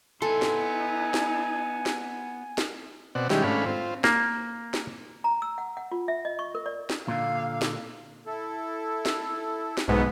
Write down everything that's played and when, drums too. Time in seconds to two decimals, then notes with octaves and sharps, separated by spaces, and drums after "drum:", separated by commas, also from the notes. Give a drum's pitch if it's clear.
0.22 B3 D#4 E4 A4 G#5 C6
0.42 drum: snare
1.14 drum: snare
1.86 drum: snare
2.58 drum: snare
3.15 B2 C4 D5 F#5
3.30 D#3 G3 G#3 C#4 E4 G4, drum: snare
3.44 G#2 A3 C#4 D4 F5 B5
3.66 C4 F4
4.04 A#3, drum: snare
4.74 drum: snare
5.24 A#5
5.42 E6
5.58 F#5
5.77 F#5
5.92 F4
6.08 E5
6.25 D#5
6.39 C#6
6.55 A#4
6.66 D5
6.90 drum: snare
7.08 A#2 D3 F5
7.62 drum: snare
8.27 E4 A4
9.06 drum: snare
9.78 drum: snare
9.88 B1 G#2 A3 B3 C4 B4